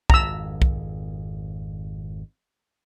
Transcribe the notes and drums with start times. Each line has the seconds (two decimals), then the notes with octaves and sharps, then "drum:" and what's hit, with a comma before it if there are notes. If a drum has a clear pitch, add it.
0.10 G#1 F2 A#5 E6, drum: kick
0.62 drum: kick